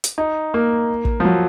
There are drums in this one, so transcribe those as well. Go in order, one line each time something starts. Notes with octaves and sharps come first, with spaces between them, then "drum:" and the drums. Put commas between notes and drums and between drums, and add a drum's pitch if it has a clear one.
drum: hi-hat
D#4
A#3
drum: kick
F3
F#3